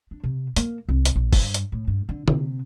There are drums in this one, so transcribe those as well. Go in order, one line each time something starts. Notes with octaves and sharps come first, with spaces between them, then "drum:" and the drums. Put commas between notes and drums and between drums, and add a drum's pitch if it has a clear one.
D4
C3
A#3, drum: hi-hat
C2
drum: hi-hat
A#1
G2, drum: kick, open hi-hat
drum: hi-hat
A2
G2
D3
C3, drum: tom